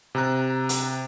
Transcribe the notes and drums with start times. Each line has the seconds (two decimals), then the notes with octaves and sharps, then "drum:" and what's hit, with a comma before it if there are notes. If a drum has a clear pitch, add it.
0.15 C3 A#5 F#6
0.69 drum: hi-hat